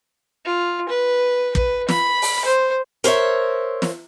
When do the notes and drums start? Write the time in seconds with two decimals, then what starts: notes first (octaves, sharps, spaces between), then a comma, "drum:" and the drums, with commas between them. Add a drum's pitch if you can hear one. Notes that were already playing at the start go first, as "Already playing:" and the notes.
0.45 F4
0.89 B4
1.55 B4, drum: kick
1.89 B5, drum: snare
2.22 drum: open hi-hat
2.45 C5
3.04 A#4 C5 C#5 E5, drum: hi-hat
3.82 drum: snare